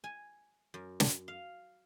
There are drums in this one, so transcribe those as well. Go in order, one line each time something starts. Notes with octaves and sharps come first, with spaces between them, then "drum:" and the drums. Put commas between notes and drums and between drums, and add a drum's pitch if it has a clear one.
G#5
F#2
drum: snare
F5